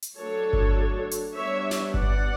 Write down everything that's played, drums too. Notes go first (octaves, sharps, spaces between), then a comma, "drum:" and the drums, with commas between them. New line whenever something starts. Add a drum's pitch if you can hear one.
drum: hi-hat
F#3 A3 D4 A4 C#5
drum: kick G1
drum: hi-hat
G3 B3 D4 C#5 E5
drum: snare
D5 F#5, drum: kick G1